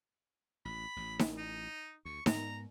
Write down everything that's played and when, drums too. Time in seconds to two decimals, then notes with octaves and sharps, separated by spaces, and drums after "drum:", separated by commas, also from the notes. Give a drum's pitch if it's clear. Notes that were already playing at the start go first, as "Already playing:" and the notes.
0.65 A1 B5
0.96 A1 A2
1.19 drum: snare D#4
1.37 D#4
2.05 D2 C#6
2.26 G#2 B3 A#5, drum: snare D#4